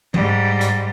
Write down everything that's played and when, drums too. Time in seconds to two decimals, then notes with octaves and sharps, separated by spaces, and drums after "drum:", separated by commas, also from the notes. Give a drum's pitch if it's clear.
0.14 G#2 G3, drum: tom F3
0.61 drum: hi-hat